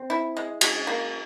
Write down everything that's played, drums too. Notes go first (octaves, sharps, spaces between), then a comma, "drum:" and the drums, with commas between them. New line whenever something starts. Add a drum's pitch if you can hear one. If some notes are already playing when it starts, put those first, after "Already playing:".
Already playing: C4
E4
G#3
G#3, drum: cymbal
A#3